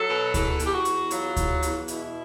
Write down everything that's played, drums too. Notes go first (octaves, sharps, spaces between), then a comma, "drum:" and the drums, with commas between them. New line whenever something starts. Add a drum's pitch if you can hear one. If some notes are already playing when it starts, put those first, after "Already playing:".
Already playing: F#3 A4
B2
E2 A4, drum: kick D2, hi-hat
E2, drum: hi-hat
G4
F#4
E2, drum: hi-hat
F#3 F4, drum: hi-hat
E2, drum: kick D2, hi-hat
E2, drum: hi-hat
B2 E4, drum: hi-hat